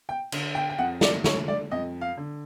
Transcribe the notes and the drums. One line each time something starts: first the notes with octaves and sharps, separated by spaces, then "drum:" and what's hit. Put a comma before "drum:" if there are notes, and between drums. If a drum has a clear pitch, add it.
G5
D3, drum: cymbal
G5
G5
F2 F#5
D5, drum: snare
D3 C#5, drum: snare
D5
F2 D#5
F5
D3